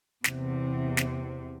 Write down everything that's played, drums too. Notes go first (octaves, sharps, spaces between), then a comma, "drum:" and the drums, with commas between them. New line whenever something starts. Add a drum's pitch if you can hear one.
E2 C3, drum: snare
drum: snare